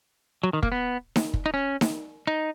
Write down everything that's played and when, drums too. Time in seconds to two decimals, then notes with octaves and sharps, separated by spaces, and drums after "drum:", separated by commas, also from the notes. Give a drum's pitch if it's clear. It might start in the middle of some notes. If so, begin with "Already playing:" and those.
0.43 F#3
0.53 D#3
0.63 A#3, drum: kick
0.72 B3
1.16 drum: snare D#4
1.34 drum: kick
1.46 D#4
1.54 C#4
1.81 drum: snare D#4
2.27 D#4